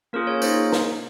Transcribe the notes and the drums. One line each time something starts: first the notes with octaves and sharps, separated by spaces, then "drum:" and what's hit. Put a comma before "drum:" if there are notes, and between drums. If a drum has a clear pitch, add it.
A#3 C#4 F4 G#4 A#4
C#5
A#3 D#4 G#4 C5, drum: tambourine
drum: snare